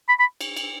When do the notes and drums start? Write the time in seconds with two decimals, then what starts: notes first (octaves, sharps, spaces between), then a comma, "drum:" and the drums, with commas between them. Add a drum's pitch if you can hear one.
0.09 B5
0.20 B5
0.41 drum: cymbal
0.56 drum: cymbal